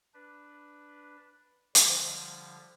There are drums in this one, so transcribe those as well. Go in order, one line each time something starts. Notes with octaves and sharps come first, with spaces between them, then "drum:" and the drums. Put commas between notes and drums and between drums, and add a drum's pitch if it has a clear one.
D4 B4
D3 F3 G3, drum: hi-hat